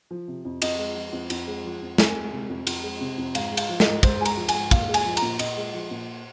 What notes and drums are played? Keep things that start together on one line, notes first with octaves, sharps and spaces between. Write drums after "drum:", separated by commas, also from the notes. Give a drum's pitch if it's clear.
F3
C3
F2
F2 D#5, drum: cymbal
G#3
F3
F2
F2, drum: cymbal
G#3
F3
F2
F2 G#5, drum: snare
G#3
C3
F2
F2, drum: cymbal
G#3
C3
F2
G#2 F5, drum: cymbal
G#3
F5, drum: cymbal
F3
D#5, drum: snare
G#2
G#2 C5, drum: kick, cymbal
G#3 G#5
A#5, drum: cymbal
F3
G#5, drum: cymbal
G#2
A#2 F5, drum: kick, cymbal
G#3
G#5, drum: cymbal
F3
A#5, drum: cymbal
A#2
A#2 D#5, drum: cymbal
G#3
F3
A#2